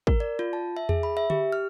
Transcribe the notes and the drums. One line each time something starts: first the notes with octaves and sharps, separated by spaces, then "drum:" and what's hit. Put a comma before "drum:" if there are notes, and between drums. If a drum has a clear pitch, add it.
A#4, drum: kick
D5
F4
A5
E5
G#4, drum: tom E2
B5
E5
G4, drum: tom D3
F6